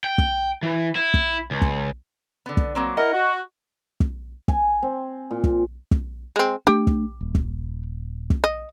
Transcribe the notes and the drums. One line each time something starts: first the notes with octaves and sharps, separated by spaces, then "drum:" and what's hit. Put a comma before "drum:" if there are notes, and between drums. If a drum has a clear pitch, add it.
G5
drum: kick
E3
E4
drum: kick
C#2
drum: kick
D3 B3
drum: kick
F#3 A#3 C4
E4 A#4 D#5 F#5
F#4
drum: kick
G#5, drum: kick
C4
A#2
drum: kick
drum: kick
G#3 C4
A3 D4 G4 G5
drum: kick
D#1
drum: kick
drum: kick
D#5